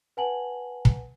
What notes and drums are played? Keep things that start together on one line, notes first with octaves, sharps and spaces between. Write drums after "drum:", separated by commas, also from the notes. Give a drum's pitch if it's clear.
B4 F#5 G#5 A5 F#7
drum: kick